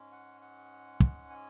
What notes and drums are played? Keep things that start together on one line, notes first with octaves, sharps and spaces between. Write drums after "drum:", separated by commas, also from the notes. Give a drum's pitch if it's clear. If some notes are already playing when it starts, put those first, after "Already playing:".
Already playing: G#2 G#3 C#4
F#5
F#5
drum: kick
G#5